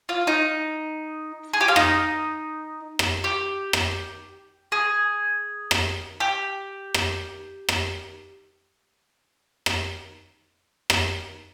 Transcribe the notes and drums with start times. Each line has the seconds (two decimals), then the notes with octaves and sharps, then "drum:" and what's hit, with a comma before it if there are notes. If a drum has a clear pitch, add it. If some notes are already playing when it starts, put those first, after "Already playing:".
0.09 F4
0.27 D#4
1.53 G#4
1.61 G4
1.68 F4
1.76 D#4, drum: rim click
2.99 drum: rim click
3.24 G4
3.73 drum: rim click
4.72 G#4
5.71 drum: rim click
6.20 G4
6.94 drum: rim click
7.69 drum: rim click
9.66 drum: rim click
10.90 drum: rim click